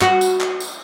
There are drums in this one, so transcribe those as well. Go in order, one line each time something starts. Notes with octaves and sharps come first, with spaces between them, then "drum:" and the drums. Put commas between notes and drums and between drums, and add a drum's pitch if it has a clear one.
F#4, drum: clap
drum: tambourine
drum: clap
drum: tambourine